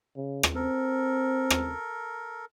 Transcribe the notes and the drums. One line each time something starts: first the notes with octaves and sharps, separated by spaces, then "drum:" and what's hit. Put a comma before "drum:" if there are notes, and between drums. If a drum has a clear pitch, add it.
C#3
drum: rim click
C4 A4 A#4
drum: rim click